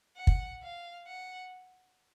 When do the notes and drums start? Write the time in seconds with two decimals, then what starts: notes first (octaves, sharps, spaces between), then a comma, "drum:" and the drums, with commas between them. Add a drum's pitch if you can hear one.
0.17 F#5
0.27 drum: kick
0.63 F5
1.07 F#5